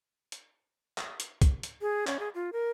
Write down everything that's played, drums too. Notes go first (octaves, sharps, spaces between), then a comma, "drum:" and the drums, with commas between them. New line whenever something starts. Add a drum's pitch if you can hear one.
drum: hi-hat
drum: clap
drum: hi-hat
drum: kick, hi-hat
drum: hi-hat
G#4
C#4, drum: clap
G#4
F4
A#4